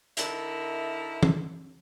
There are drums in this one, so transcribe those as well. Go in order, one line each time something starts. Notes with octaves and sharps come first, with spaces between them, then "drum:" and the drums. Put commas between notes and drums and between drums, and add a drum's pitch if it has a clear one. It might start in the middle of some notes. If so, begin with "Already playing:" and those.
D3 D#4 E4 A#4 E5, drum: hi-hat
drum: tom